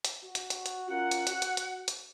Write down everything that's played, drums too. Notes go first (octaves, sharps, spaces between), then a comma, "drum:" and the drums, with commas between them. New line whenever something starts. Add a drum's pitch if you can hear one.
drum: hi-hat
F#4
drum: hi-hat
drum: hi-hat
drum: hi-hat
C#4 F4 A#4 F#5
drum: hi-hat
F#4, drum: hi-hat
drum: hi-hat
drum: hi-hat
drum: hi-hat